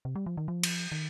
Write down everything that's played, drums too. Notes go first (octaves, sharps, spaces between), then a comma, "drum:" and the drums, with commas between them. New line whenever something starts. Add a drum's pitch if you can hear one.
C3
G3
F3
D#3
F3
drum: cymbal
D#3